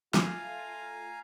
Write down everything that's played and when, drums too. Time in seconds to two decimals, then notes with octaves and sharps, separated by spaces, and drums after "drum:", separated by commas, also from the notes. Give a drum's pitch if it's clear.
0.14 A3 F4 F5 G#5 A#5, drum: snare